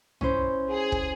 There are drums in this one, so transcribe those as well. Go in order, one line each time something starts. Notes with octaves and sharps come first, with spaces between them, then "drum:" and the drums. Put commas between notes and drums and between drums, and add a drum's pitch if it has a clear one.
C#4 E4 C5, drum: tom
G#4
drum: kick